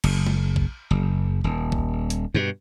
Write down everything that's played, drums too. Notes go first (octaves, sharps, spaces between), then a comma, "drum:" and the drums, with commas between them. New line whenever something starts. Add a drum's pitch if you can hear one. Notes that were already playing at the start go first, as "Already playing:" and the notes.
F#1, drum: cymbal
drum: tom
drum: kick
F#1
D#1
drum: kick
drum: hi-hat
G2 B2